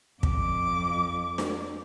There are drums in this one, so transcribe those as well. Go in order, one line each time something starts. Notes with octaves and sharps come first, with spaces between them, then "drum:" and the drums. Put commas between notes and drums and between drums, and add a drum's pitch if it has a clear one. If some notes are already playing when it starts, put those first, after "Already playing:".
F2 D6, drum: kick
drum: snare D4